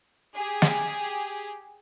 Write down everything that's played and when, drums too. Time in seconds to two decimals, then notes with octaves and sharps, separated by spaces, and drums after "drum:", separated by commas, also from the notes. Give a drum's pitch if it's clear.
0.35 G4 G#4
0.62 drum: snare